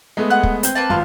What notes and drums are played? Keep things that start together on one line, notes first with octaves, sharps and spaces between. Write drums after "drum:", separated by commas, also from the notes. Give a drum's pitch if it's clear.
G#3 A3 B3
F#5 F#6
drum: kick
C4 B4 G6, drum: hi-hat
A#3 B4 A5
G#1 F4 C6